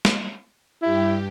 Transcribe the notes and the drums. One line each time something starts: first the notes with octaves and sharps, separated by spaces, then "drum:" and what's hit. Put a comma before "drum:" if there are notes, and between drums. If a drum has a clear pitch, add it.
drum: snare
G2 E4 G4